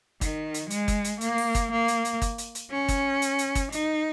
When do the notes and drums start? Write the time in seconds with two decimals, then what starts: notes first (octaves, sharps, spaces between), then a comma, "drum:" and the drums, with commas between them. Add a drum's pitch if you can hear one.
0.21 D#3, drum: kick, hi-hat
0.54 drum: hi-hat
0.71 G#3, drum: hi-hat
0.88 drum: kick, hi-hat
1.05 drum: hi-hat
1.21 A#3, drum: hi-hat
1.38 drum: open hi-hat
1.55 drum: kick, hi-hat
1.72 A#3
1.88 drum: hi-hat
2.05 drum: hi-hat
2.22 drum: kick, hi-hat
2.38 drum: hi-hat
2.55 drum: hi-hat
2.71 C#4
2.88 drum: kick, hi-hat
3.22 drum: hi-hat
3.39 drum: hi-hat
3.55 drum: kick, hi-hat
3.72 D#4, drum: hi-hat